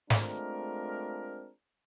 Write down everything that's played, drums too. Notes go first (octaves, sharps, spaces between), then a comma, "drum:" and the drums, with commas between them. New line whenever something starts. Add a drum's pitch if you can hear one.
G#3 A3 C4 D4 F4 A#4, drum: snare